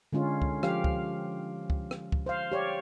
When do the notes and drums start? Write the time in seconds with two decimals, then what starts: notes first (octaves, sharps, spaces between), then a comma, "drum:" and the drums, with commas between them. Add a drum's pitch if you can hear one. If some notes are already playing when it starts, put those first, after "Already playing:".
0.13 D3 G#3 C#4 F4
0.42 drum: kick C#2
0.63 F3 G4 F5, drum: rim click
0.84 drum: kick C#2
1.70 drum: kick C#2
1.91 drum: rim click
2.12 drum: kick C#2
2.26 C5 F5
2.52 G4 C#5 D5